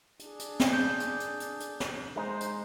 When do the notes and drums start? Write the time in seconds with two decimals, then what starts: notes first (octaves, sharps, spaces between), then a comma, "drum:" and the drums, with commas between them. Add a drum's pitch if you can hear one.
0.19 D4 G#4, drum: hi-hat
0.39 drum: hi-hat
0.60 drum: snare
0.73 G6
1.00 drum: hi-hat
1.20 drum: hi-hat
1.40 drum: hi-hat
1.60 drum: hi-hat
1.80 drum: snare
2.16 G#3 D#4 C5
2.41 drum: hi-hat